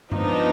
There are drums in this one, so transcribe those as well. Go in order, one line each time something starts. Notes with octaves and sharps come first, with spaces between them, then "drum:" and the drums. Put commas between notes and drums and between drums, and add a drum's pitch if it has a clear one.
F3 B3 D4 D#4, drum: tom G2